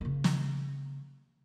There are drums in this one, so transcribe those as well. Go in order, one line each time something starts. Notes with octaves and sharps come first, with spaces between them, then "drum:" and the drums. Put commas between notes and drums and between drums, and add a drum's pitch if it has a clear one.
C#3 A#3
drum: snare